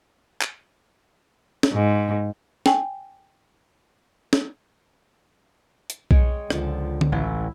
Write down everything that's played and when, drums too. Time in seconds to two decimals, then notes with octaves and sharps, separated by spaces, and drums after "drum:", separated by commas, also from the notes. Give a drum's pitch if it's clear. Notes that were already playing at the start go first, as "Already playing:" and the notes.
0.42 drum: clap
1.63 drum: snare
1.73 G#2
2.66 G5 G#5, drum: snare
4.33 drum: snare
5.90 drum: hi-hat
6.11 G#3 C#5 G5, drum: kick B1
6.50 C#2 D3 F3, drum: rim click
7.01 drum: tom D3
7.12 A1 E4